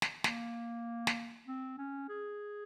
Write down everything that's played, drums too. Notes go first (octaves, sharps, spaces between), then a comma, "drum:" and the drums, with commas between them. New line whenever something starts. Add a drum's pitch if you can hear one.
drum: snare
A#3, drum: snare
drum: snare
C4
C#4
G#4